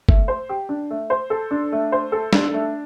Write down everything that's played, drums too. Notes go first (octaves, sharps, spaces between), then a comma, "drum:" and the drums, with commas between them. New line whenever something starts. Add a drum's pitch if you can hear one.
A3, drum: kick
C5
G4
D4
A3
C5
A4
D4
A3
C5
A4
D4, drum: snare
A3